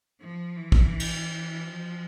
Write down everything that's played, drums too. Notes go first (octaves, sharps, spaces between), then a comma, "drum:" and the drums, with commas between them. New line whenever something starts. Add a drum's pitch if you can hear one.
F3
E3
drum: kick
drum: cymbal
F3